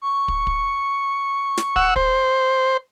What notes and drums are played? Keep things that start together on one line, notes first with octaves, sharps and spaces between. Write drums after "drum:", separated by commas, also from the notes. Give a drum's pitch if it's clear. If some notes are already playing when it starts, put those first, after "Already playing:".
C#6
drum: kick
drum: kick
drum: snare
F#5 E6, drum: kick
C5, drum: kick